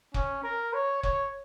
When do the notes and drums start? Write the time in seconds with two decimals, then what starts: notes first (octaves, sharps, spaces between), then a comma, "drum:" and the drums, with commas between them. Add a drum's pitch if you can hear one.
0.14 C#4, drum: kick
0.43 A#4
0.73 C#5
1.03 C#5, drum: kick